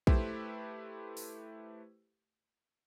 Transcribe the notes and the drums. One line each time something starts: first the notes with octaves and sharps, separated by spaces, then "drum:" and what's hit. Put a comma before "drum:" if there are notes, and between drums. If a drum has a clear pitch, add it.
A3 E4 G4 B4 C5, drum: kick A#1
drum: open hi-hat